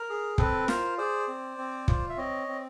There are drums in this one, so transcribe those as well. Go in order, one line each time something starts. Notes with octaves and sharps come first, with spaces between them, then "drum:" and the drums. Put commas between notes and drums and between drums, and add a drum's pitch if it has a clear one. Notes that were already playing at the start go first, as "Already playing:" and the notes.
Already playing: A#4
G#4
C4 A4 B4, drum: kick
F4 A#4 C5, drum: snare
G#4 C5 D5
C4
C4
F4, drum: kick
E5
C4 C#5 D#5
C4